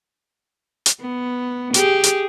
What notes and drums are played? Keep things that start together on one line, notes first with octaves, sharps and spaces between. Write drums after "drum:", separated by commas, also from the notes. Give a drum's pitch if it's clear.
drum: hi-hat
B3
G4 G#4, drum: hi-hat
drum: hi-hat